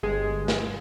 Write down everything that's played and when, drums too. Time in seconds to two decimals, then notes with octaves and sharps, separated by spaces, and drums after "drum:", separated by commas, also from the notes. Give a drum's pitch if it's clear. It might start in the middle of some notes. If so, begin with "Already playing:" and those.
0.03 G1 G#3
0.48 drum: snare